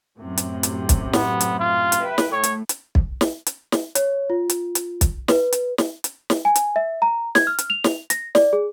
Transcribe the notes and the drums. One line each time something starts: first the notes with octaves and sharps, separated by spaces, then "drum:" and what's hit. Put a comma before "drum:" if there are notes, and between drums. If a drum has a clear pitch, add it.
F#2 A2 C3
drum: hi-hat
drum: hi-hat
drum: kick, hi-hat
B3, drum: snare
drum: hi-hat
F4
drum: hi-hat
B4 E5 G5
drum: snare
A2 A3 C#5
drum: hi-hat
drum: hi-hat
drum: kick
drum: snare
drum: hi-hat
drum: snare
C#5, drum: hi-hat
F4
drum: hi-hat
drum: hi-hat
drum: kick, hi-hat
B4, drum: snare
drum: hi-hat
drum: snare
drum: hi-hat
drum: snare
G#5
drum: hi-hat
E5
A#5
G#6, drum: snare
F6
drum: hi-hat
F7
drum: snare
A#6, drum: hi-hat
D5, drum: snare
G#4